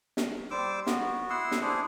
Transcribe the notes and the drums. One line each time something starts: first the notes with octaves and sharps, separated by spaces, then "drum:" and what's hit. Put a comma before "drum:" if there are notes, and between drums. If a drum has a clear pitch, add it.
drum: snare
G3 C5 D6 E6
B3 F#4, drum: snare
E4 F#5 C6 E6
drum: snare
D4 E4 G#4 C5